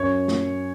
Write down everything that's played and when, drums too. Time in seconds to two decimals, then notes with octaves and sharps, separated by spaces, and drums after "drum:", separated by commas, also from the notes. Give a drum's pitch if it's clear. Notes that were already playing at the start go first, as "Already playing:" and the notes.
Already playing: F#2 C#5 C#6
0.28 drum: snare